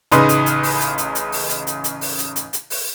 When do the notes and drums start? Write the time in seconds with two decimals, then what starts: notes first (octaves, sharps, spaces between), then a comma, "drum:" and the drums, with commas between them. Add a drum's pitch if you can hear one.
0.12 A1 C#3 D#4 B4 C6 D#6, drum: hi-hat
0.29 drum: hi-hat
0.46 drum: hi-hat
0.63 drum: open hi-hat
0.81 drum: hi-hat
0.98 drum: hi-hat
1.15 drum: hi-hat
1.32 drum: open hi-hat
1.49 drum: hi-hat
1.67 drum: hi-hat
1.84 drum: hi-hat
2.01 drum: open hi-hat
2.18 drum: hi-hat
2.36 drum: hi-hat
2.53 drum: hi-hat
2.70 drum: open hi-hat